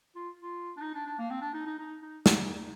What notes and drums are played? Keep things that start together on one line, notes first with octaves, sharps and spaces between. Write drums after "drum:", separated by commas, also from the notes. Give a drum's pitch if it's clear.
F4
F4
D4
D#4
D4
D4
A#3
C4
D4
D#4
D#4
D#4
D#4
D#4, drum: snare